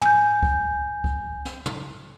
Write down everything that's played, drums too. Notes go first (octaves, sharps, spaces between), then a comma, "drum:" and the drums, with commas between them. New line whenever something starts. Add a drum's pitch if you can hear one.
G#5 G6, drum: tom
drum: kick C#2
drum: kick C#2
drum: snare
drum: tom